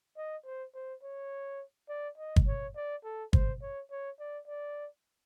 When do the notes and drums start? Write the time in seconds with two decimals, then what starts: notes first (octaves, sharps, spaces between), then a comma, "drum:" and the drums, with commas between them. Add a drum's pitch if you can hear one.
0.17 D#5
0.45 C5
0.75 C5
1.03 C#5
1.89 D5
2.18 D#5
2.36 drum: kick G1
2.48 C#5
2.76 D5
3.04 A4
3.33 C5, drum: kick G1
3.62 C#5
3.91 C#5
4.20 D5
4.48 D5